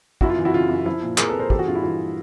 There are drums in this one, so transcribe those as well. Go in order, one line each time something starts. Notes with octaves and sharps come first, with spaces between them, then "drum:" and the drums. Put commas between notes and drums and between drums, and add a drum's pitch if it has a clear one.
F#2 E4 F#4, drum: kick
F4
E3
E4 F#4
C#3 F4
F#2
F3 E4
A#2
F3 G#4 A#4, drum: clap
A4 B4
A#2
A#4 C5
E3 G4 A4, drum: kick
F#4 G#4
G2 F4
E4
E3 F4